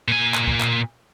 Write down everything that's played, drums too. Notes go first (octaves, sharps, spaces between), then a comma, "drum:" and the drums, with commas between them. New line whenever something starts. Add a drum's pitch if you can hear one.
A#2 G#5
drum: clap
drum: kick
drum: clap